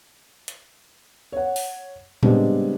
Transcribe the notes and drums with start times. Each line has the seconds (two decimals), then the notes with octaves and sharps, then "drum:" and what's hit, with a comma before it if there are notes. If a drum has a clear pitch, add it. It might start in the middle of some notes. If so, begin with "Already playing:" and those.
0.48 drum: hi-hat
1.32 C#5 F#5
1.56 drum: open hi-hat
2.23 C#3 G3 G#3 B3 C4 D4, drum: tom A2